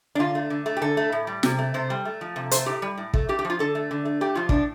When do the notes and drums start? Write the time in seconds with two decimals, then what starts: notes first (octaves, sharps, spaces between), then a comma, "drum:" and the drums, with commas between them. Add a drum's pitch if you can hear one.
0.15 D4
0.19 D3 F4
0.35 A3
0.50 D3
0.66 A3
0.77 G4
0.82 D3 A4
0.97 A3
1.12 A2
1.27 G3
1.43 C3, drum: snare
1.58 A3
1.74 C3 C5
1.90 G3
2.05 A3
2.21 F3
2.36 C3
2.51 A3 C5, drum: hi-hat
2.66 A2 G4
2.82 G3
2.98 A2
3.14 A3, drum: kick
3.29 A3 G4
3.39 G4
3.45 F3
3.50 F4
3.59 D3 A4
3.75 A3
3.91 D3
4.05 A3
4.21 A3 G4
4.35 F3 F4
4.49 A2 D4, drum: kick